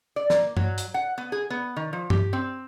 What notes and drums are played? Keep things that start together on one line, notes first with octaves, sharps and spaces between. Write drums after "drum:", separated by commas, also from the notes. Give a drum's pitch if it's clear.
D5
A#3, drum: snare
F#3, drum: tom G2
drum: hi-hat
F#5
B3
G#4
B3
D#3
F3
G4, drum: tom G2
C4